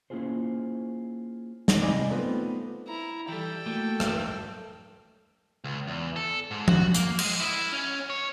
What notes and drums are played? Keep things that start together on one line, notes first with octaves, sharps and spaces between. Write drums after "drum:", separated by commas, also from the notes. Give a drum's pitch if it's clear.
A#3 C#4 E4 F4 G#4 C5
drum: snare
G2 C3 D5 D#5 G#5 D6
A3 B3 C4 D#4 F4 B4
E4 A#5
E3 G3 A4 G5
A3 A#3 F#4
drum: rim click
C#2
E2
A4
G#2
F#4, drum: tom
A#3, drum: hi-hat
G#3, drum: cymbal
E4
C#4
C#5